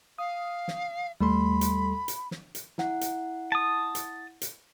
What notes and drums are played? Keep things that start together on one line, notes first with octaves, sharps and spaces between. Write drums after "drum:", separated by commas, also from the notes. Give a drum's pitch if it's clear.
F5 D#6
drum: snare
D#2 G3 A3 A4 B5 C6
drum: hi-hat
drum: hi-hat
drum: snare
drum: hi-hat
E4 F#5, drum: snare
drum: hi-hat
A5 D#6
drum: hi-hat
drum: hi-hat